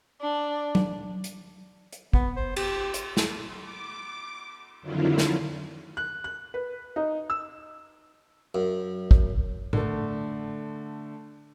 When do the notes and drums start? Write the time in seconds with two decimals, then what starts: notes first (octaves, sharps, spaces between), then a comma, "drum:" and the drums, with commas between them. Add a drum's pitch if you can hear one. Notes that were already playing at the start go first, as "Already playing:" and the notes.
0.21 D4
0.75 drum: tom F#3
1.24 drum: hi-hat
1.92 drum: hi-hat
2.13 B3, drum: kick
2.36 C5
2.56 G4, drum: cymbal
2.94 drum: hi-hat
3.17 drum: snare
3.60 D6
4.82 F2 D3 D#3 F#3 E4 F4
5.18 drum: snare
5.97 F#6
6.24 F#6
6.54 B4
6.96 D#4
7.30 E6
8.55 F#2
9.11 drum: kick
9.73 D3 A3, drum: tom A2